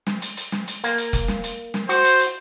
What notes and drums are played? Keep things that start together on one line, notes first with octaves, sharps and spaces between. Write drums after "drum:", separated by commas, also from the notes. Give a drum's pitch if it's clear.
drum: snare
drum: hi-hat
drum: hi-hat
drum: snare
drum: hi-hat
A#3, drum: hi-hat
drum: hi-hat
drum: kick F1, hi-hat
drum: snare
drum: hi-hat
drum: snare
F#4 C5, drum: hi-hat
drum: hi-hat
drum: hi-hat